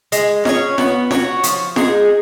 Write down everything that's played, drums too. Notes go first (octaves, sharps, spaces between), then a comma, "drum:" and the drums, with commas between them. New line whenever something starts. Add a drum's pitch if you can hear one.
G#3, drum: hi-hat
C#4 G#4 C#5, drum: snare
B3, drum: snare
F#4 C#5, drum: snare
F3, drum: hi-hat
G#3 D#4 G#4, drum: snare